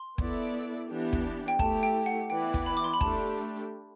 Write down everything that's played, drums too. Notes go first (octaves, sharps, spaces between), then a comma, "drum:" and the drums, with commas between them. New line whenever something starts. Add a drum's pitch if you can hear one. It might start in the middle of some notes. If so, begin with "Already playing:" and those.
Already playing: C6
B3 E4 A4 D5, drum: kick
E3 B3 D4 G4
drum: kick
G5
A3 E4 G4 A5, drum: kick
G5
F#5
E3 B3 E4 B4 D5 G5
drum: kick
B5
D6
C6
B5
A3 D4 G4 A5, drum: kick